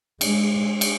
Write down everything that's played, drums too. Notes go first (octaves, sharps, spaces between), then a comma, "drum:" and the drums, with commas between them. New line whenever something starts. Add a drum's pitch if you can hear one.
G#3, drum: cymbal
drum: cymbal